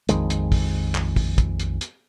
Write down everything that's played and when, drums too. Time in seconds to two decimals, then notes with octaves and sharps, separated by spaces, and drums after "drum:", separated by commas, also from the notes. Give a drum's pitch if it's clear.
0.09 A#1 F2 D#3 G#3, drum: hi-hat
0.30 drum: hi-hat
0.52 drum: kick, open hi-hat
0.95 drum: clap
1.16 drum: kick, open hi-hat
1.38 drum: kick, hi-hat
1.60 drum: hi-hat
1.81 drum: hi-hat